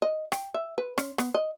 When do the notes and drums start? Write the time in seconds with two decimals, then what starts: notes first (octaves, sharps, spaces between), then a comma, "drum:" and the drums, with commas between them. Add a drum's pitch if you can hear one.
0.02 D#5
0.32 G5, drum: rim click
0.54 E5
0.78 B4
0.98 C#4, drum: rim click
1.18 B3, drum: rim click
1.34 D#5